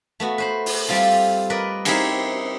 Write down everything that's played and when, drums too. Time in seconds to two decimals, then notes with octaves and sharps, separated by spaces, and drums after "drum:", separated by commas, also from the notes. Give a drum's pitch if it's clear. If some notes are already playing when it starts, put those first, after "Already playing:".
0.20 A3 B3 F#4
0.38 B4 C5 B5
0.66 drum: open hi-hat
0.88 G3 C4 F4 A4
1.50 A#4 B4 D5 D#5
1.85 C4 D#4 E4 G4 G#4 A#4, drum: cymbal